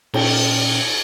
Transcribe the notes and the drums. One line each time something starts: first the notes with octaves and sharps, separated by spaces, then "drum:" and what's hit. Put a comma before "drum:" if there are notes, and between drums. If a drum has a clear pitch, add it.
A#2 C#4 G5, drum: cymbal